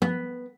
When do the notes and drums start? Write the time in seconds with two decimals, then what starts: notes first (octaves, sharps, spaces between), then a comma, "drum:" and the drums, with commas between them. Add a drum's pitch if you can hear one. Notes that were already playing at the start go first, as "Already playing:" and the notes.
0.02 B3, drum: tom F3